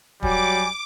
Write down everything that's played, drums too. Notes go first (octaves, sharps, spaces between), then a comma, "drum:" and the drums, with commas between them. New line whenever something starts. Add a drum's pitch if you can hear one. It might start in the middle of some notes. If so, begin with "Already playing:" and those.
F#3 G3 G#5 D6, drum: kick